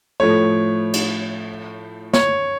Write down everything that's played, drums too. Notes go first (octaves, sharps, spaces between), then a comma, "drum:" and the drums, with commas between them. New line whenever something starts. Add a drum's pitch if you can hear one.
A2 F3 A3 C#5
drum: cymbal
C#5, drum: snare